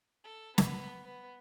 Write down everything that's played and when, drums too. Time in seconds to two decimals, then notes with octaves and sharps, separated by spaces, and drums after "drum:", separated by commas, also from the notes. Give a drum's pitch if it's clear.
0.24 A4
0.58 B3, drum: snare
1.05 B3